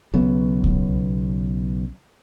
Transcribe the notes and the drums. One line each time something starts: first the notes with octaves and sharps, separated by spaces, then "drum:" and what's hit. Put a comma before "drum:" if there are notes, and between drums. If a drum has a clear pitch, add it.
B1 C#3 F#3 B3
drum: kick C#2